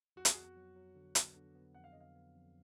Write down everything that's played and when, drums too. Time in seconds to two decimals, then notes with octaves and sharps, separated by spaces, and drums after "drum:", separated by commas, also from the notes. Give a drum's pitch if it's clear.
0.16 F2 F#4
0.25 G#4, drum: hi-hat
0.35 B3 F#4
0.57 F#3
0.76 F#3
0.95 D3
1.15 B3, drum: hi-hat
1.36 D3
1.55 B3
1.75 F2 F#5
1.84 F5
1.92 D3 D#5
2.00 F5
2.15 B3
2.35 F2